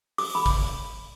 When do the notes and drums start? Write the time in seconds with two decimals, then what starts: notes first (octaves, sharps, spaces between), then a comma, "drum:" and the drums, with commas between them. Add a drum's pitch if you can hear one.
0.18 D6, drum: open hi-hat
0.35 B5
0.46 drum: kick